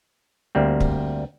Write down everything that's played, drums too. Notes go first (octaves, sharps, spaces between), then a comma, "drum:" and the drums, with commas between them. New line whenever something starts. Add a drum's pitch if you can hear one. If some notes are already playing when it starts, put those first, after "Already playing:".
D2 G3 A#3 C4
drum: kick